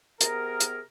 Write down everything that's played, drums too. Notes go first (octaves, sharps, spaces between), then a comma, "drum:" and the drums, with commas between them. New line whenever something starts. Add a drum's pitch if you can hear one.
C3 B3 G#4 A#4, drum: hi-hat
drum: hi-hat